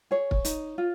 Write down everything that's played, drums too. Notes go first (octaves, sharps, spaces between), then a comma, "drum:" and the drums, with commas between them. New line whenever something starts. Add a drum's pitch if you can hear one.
G#4 C#5
drum: kick
D#4, drum: hi-hat
F4